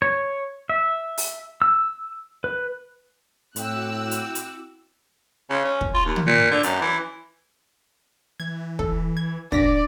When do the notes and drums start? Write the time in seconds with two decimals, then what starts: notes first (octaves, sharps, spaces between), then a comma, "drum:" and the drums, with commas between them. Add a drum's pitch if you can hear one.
0.02 C#5
0.69 E5
1.18 drum: open hi-hat
1.62 E6
2.44 B4
3.56 A2 C4 E4 F#4 D6 E6 F#6, drum: hi-hat
4.11 drum: hi-hat
4.35 drum: hi-hat
5.50 C#3
5.65 C#4
5.81 drum: kick
5.94 F4
6.05 D#2
6.16 drum: tom
6.26 A#2
6.51 D3
6.63 F#2, drum: hi-hat
6.81 E3
8.40 E3 G#6
8.79 A4, drum: kick
9.17 G#6
9.52 A1 D4 D5 A#6 B6, drum: kick